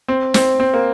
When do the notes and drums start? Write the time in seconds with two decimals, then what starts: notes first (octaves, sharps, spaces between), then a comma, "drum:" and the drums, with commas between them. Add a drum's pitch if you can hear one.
0.08 C4
0.34 C4, drum: snare
0.60 C4
0.74 A#3